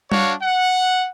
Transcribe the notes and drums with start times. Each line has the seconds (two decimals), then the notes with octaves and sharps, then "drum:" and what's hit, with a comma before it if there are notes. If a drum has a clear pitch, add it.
0.12 D4 F#4 C#5 F5, drum: tom G3
0.42 F#5